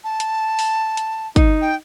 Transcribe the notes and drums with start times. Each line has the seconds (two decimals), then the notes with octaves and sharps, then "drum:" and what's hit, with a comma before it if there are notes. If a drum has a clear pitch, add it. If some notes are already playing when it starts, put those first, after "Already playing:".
0.04 A5
0.20 drum: hi-hat
0.59 drum: open hi-hat
0.97 drum: hi-hat
1.36 D#4, drum: kick, hi-hat
1.61 G5